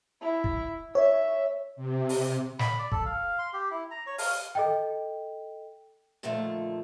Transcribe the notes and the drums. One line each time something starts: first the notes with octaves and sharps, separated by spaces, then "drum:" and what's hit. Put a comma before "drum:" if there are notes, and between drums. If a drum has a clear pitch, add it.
E4
drum: kick
C#5 E5
C3
drum: open hi-hat
B5, drum: snare
D5
A4, drum: kick
F5
C6
G4
E4
A#5
C#5
F5, drum: open hi-hat
A4 D#5 G5
A#2 D3 D#3 F3 A3